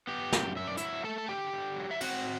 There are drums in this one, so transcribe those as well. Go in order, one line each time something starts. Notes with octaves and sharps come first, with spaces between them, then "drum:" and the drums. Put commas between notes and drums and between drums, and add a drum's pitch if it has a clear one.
B3 G4
F#2, drum: snare
F#2 E5
D5
F#3 E4 E5, drum: hi-hat
A3 A4 A5
A5
D3 G4 G5
D3
F#3
E5
C4 F#4 F#5, drum: cymbal